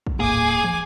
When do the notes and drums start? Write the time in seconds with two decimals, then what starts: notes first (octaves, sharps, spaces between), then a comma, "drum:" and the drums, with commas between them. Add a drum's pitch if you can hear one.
0.07 drum: kick
0.20 D#1 A2 A#3 G#4 G#5 D6
0.64 drum: tom